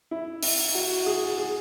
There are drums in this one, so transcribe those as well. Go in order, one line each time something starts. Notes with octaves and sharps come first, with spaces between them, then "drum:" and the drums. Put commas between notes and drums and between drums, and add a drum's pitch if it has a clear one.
E4
E4, drum: open hi-hat
F#4
G#4
G#4